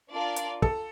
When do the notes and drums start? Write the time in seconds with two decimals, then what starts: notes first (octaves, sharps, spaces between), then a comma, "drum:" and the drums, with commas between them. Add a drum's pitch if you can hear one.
0.11 D4 F4 A#4 D5 F5
0.36 drum: hi-hat
0.62 A4, drum: kick